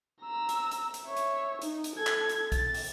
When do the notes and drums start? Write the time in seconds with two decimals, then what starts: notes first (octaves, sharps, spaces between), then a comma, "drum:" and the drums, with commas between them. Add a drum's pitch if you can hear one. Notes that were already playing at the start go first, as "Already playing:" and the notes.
0.22 A#5 E6
0.49 drum: hi-hat
0.71 drum: hi-hat
0.94 drum: hi-hat
1.06 C#5 E5
1.17 drum: hi-hat
1.62 D#4, drum: hi-hat
1.84 drum: hi-hat
1.96 A4 G#6
2.07 drum: clap
2.29 drum: hi-hat
2.52 A6, drum: kick, hi-hat
2.74 drum: open hi-hat